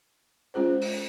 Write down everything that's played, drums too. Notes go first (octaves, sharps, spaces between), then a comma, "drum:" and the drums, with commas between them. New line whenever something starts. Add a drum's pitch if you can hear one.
G#3 C#4 F4 G#4 C5
drum: open hi-hat